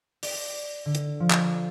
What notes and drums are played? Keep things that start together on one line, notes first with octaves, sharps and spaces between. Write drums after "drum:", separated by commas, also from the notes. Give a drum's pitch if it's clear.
D5, drum: open hi-hat
D3
drum: hi-hat
F3
drum: clap